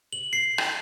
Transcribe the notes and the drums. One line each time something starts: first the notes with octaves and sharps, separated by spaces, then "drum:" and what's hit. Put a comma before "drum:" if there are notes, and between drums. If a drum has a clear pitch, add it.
F#7
C7
drum: rim click